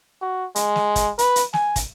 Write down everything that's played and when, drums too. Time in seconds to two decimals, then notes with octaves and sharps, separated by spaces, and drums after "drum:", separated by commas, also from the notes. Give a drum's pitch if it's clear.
0.21 F#4
0.55 G#3, drum: hi-hat
0.76 drum: snare
0.96 drum: kick, hi-hat
1.19 B4, drum: hi-hat
1.36 drum: hi-hat
1.53 G#5, drum: snare
1.76 drum: kick, hi-hat